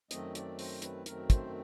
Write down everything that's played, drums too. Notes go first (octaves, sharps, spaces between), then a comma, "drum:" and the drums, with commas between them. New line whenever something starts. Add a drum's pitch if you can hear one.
F#2 D#3 F#3 A3 C4 D#5, drum: hi-hat
D5, drum: hi-hat
C5, drum: open hi-hat
B4, drum: hi-hat
F#2 D#3 F#3 A3 C4 A#4, drum: hi-hat
C5, drum: kick, hi-hat